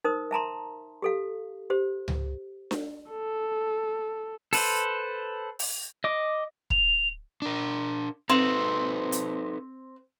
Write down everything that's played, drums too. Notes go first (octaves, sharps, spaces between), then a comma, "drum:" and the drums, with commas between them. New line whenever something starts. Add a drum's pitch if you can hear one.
D#4 A#4 C5 D#6
E5 A5 A#5 C6
G4 A4 F5
G4 C5
drum: tom C#2
drum: snare D4
A4
A4 B4 C5, drum: open hi-hat
drum: open hi-hat
D#5 D6
F7, drum: kick
D4 A#4
C4 D#4 A4 B4
drum: hi-hat